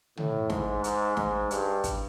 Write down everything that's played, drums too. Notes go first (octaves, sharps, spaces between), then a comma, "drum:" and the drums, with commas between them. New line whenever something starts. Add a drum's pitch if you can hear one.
A2, drum: tom
G#2, drum: snare
G#2, drum: hi-hat
G#2, drum: snare
G2, drum: hi-hat
drum: kick, hi-hat